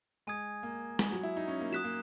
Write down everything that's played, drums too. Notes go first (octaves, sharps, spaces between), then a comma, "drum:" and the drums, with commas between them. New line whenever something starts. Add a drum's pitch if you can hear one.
G#3 G#5 D#6 G#6
A#3
G#3, drum: snare
F#3
E4
D#4
C#4
A#3
F#3 D#6 F#6 B6 E7
A#3